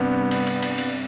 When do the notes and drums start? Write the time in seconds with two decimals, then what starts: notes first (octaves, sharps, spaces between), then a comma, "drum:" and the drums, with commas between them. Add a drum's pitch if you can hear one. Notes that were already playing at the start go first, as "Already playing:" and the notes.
Already playing: G2 C3 B3
0.31 drum: cymbal
0.47 drum: cymbal
0.62 drum: cymbal
0.78 drum: cymbal